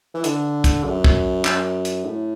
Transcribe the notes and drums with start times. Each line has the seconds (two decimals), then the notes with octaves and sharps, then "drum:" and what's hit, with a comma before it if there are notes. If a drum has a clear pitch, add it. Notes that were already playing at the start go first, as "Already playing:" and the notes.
0.14 E3
0.24 D3, drum: hi-hat
0.64 drum: kick, hi-hat
0.84 F#2
1.04 drum: kick
1.45 F#2, drum: clap
1.85 drum: hi-hat
2.05 A2